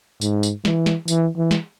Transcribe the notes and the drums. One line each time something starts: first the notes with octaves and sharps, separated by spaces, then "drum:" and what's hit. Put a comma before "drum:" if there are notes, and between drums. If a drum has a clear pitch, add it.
G#2, drum: tambourine
drum: tambourine
E3, drum: snare
drum: snare
E3, drum: tambourine
E3
drum: snare